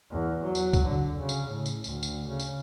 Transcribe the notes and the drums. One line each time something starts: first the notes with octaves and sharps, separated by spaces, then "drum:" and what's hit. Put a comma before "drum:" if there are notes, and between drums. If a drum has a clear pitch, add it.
E2
F#3
drum: tambourine
drum: kick C#2, tambourine
D3
C#3
drum: tambourine
A2
drum: tambourine
D2, drum: tambourine
drum: tambourine
C#3
drum: tambourine